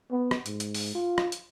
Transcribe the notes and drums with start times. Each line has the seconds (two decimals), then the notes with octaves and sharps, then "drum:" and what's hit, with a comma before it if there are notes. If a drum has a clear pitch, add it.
0.11 B3
0.31 drum: rim click
0.46 G#2, drum: hi-hat
0.60 drum: hi-hat
0.75 drum: open hi-hat
0.95 F4
1.18 drum: rim click
1.32 drum: hi-hat